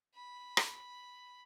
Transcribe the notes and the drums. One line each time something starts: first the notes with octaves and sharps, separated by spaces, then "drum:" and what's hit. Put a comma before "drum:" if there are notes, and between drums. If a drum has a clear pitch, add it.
B5
drum: rim click